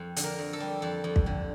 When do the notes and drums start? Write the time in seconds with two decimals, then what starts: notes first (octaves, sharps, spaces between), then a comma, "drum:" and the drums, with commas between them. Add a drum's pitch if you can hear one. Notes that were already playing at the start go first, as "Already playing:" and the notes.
Already playing: F2
0.16 D3, drum: hi-hat
0.24 A#4
0.39 F2
0.53 A4
0.60 G3
0.82 F2 A4
1.04 F2
1.16 drum: kick
1.26 D3